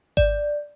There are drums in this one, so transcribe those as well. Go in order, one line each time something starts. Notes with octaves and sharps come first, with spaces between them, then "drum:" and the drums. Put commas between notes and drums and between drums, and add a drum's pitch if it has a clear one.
D5, drum: kick G#1